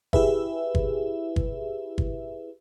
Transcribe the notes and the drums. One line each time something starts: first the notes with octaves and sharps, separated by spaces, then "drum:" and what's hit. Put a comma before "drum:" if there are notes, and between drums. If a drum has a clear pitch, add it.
E4 G4 G#4 B4 E5, drum: kick G1
drum: kick G1
drum: kick G1
drum: kick G1